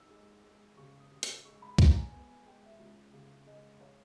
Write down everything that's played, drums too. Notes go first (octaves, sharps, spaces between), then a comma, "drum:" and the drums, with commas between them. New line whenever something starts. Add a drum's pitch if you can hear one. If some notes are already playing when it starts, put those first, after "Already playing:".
Already playing: D#2 E6
G#3
G#3
C#3 C#6
D#6
C#3
E6, drum: hi-hat
G#3 C#6
B5
G#3 A#5, drum: kick
G#5
B3 G#5
G#5
G#3 G5
E5
C#2
C#3
G#3 D#5
C#5